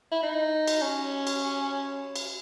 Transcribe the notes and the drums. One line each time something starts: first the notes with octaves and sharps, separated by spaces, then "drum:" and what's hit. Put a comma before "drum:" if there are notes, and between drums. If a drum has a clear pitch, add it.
E4
D#4
drum: cymbal
C#4
drum: cymbal
drum: cymbal